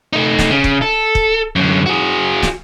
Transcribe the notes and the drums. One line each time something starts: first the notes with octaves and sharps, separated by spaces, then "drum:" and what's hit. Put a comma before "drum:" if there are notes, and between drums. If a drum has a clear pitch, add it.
A3 D#4
drum: snare
C#3
drum: kick
A4
drum: kick
F#2 D3
F#4 G#4
drum: snare